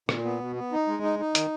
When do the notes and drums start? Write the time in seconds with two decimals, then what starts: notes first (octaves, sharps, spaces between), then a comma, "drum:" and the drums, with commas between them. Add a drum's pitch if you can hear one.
0.09 A#2, drum: rim click
0.24 B3
0.40 B2
0.56 B3
0.72 D#4
0.87 G#3
1.03 D#4
1.19 D#4
1.35 D#3, drum: hi-hat